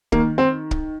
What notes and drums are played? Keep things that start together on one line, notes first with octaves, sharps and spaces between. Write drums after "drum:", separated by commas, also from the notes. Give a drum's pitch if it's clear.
D#3 A#3, drum: kick
C4
drum: kick